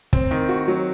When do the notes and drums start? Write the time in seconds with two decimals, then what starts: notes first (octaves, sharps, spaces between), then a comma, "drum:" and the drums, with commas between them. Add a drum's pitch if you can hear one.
0.13 C4, drum: kick
0.31 D#3
0.49 F#4
0.68 F#3